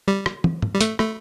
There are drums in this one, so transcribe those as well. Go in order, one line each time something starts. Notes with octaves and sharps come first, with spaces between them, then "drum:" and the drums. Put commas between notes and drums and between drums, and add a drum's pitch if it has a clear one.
G3
drum: rim click
drum: tom
drum: tom
G3
A3, drum: hi-hat
A3, drum: rim click